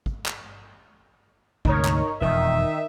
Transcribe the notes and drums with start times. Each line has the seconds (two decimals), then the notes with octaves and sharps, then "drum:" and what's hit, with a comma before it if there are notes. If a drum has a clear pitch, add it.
0.06 drum: kick
0.26 drum: clap
1.65 D2 G#2 C3 D#4 A#4 C#5, drum: kick
1.85 drum: clap
2.21 E1 F2 D#3 D#4 E5